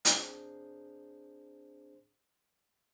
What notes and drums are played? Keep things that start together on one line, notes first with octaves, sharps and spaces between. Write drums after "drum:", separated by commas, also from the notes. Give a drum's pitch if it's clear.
C4 D4 G#4 C5, drum: hi-hat